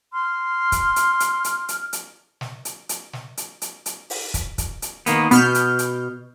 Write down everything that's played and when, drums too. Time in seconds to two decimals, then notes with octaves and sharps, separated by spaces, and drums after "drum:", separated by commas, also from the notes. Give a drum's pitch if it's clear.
0.13 C6 F6
0.72 drum: kick, hi-hat
0.96 drum: hi-hat
1.20 drum: hi-hat
1.44 drum: hi-hat
1.69 drum: hi-hat
1.93 drum: hi-hat
2.41 drum: snare
2.65 drum: hi-hat
2.89 drum: hi-hat
3.13 drum: snare
3.37 drum: hi-hat
3.62 drum: hi-hat
3.86 drum: hi-hat
4.10 drum: open hi-hat
4.34 drum: kick, hi-hat
4.58 drum: kick, hi-hat
4.82 drum: hi-hat
5.06 D#3 A#3 B3, drum: hi-hat
5.31 B2 B3 F6 G6, drum: hi-hat
5.55 drum: hi-hat
5.79 drum: hi-hat